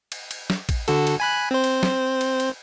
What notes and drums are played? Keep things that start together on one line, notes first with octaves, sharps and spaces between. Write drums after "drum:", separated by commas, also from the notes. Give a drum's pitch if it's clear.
drum: cymbal
drum: cymbal
drum: snare
drum: kick, cymbal
D3 F#4 A4, drum: cymbal
drum: cymbal
G#5 B5 F#6
C4 C5
drum: cymbal
drum: snare
drum: cymbal
drum: cymbal